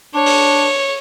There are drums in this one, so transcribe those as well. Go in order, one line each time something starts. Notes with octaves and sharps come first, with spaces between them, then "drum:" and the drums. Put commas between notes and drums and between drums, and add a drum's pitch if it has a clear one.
D4 C#5
drum: open hi-hat